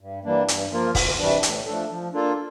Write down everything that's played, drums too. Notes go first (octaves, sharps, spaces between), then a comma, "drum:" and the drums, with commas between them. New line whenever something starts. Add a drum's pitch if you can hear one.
G2
E3 G3 A#3 D4
G2, drum: hi-hat
F3 A#3 F4 A#4
D2, drum: kick, open hi-hat
C3 E3 G3 D4
A2, drum: hi-hat
F3 A3 D4 A4
F3
A#3 D4 F4 A4